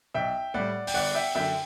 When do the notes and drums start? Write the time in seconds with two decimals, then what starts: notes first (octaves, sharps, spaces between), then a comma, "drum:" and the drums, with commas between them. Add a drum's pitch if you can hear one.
0.14 B1 E5 G5
0.54 A2 G3 D5 F#5
0.87 G5, drum: open hi-hat
0.94 G1 D5 F#5
1.14 E5 G5
1.35 F#2 D3 E5 G5